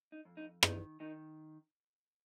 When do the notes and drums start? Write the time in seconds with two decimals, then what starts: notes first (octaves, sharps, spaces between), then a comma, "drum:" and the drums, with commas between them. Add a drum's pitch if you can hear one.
0.12 D#4
0.25 F2
0.37 D#4
0.63 D#3 D#4, drum: rim click
1.00 D#3 D#4